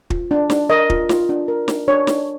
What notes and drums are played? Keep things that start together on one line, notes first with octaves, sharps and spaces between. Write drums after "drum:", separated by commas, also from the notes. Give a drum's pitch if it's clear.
F4, drum: kick
D4
D4, drum: snare
A#4 D#5
F4, drum: kick
F4, drum: snare
D4
A#4
D4, drum: snare
D4 C#5
D4, drum: snare